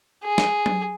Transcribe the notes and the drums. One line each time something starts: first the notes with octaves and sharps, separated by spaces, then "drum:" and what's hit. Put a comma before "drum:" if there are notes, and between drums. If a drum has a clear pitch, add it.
G#4
drum: snare
drum: tom F#3